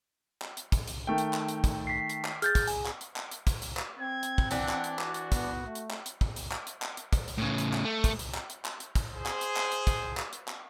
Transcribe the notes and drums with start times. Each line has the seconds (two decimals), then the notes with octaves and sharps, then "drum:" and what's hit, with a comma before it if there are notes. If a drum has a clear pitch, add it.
0.42 drum: clap
0.57 drum: hi-hat
0.72 drum: kick, hi-hat
0.88 drum: hi-hat
1.07 D#3 A3 G5
1.18 drum: hi-hat
1.33 drum: clap
1.49 drum: hi-hat
1.64 drum: kick, hi-hat
1.87 B6 C7
2.10 drum: hi-hat
2.25 drum: clap
2.42 G#4 F6 G6 A6, drum: hi-hat
2.55 drum: kick, hi-hat
2.68 G#5, drum: hi-hat
2.86 drum: clap
3.01 drum: hi-hat
3.16 drum: clap
3.31 drum: hi-hat
3.47 drum: kick, hi-hat
3.62 drum: hi-hat
3.77 drum: clap
4.00 C4 G#6
4.23 drum: hi-hat
4.38 drum: kick
4.51 E3 D4 F#5, drum: hi-hat
4.69 drum: clap
4.84 drum: hi-hat
4.99 F#4, drum: clap
5.14 drum: hi-hat
5.32 B3, drum: kick, hi-hat
5.66 A3
5.75 drum: hi-hat
5.91 drum: clap
6.06 drum: hi-hat
6.21 drum: kick
6.36 drum: hi-hat
6.52 drum: clap
6.67 drum: hi-hat
6.82 drum: clap
6.97 drum: hi-hat
7.13 drum: kick, hi-hat
7.28 drum: hi-hat
7.38 A2 C#3
7.58 drum: hi-hat
7.74 drum: clap
7.85 A3
8.04 drum: kick, hi-hat
8.19 drum: hi-hat
8.35 drum: clap
8.50 drum: hi-hat
8.65 drum: clap
8.80 drum: hi-hat
8.95 drum: kick, hi-hat
9.14 G#4 C5
9.26 drum: clap
9.41 drum: hi-hat
9.56 drum: clap
9.72 drum: hi-hat
9.87 drum: kick, hi-hat
10.17 drum: clap
10.33 drum: hi-hat
10.48 drum: clap